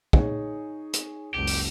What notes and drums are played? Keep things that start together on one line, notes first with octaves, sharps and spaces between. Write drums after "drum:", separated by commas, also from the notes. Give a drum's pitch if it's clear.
D#4 G#4 C#5, drum: kick
drum: hi-hat
F#1 C#2 G4
drum: open hi-hat